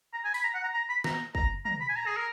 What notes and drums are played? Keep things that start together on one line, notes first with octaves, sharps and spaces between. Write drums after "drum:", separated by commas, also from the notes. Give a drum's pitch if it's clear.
A#5
G#5
B5, drum: tambourine
A#5
F#5
A#5
A#5
B5
A#5, drum: snare
A#5, drum: kick
A#5, drum: tom
B5
G#5
A#5
G#4
A#4